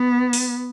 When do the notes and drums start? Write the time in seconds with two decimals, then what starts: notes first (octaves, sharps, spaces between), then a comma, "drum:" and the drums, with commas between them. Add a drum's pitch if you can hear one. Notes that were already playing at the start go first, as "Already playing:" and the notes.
Already playing: B3
0.33 drum: open hi-hat